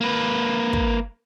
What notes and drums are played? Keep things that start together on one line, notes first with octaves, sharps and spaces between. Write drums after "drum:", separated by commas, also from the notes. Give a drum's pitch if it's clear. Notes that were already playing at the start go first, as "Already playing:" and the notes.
A#3 B4
drum: kick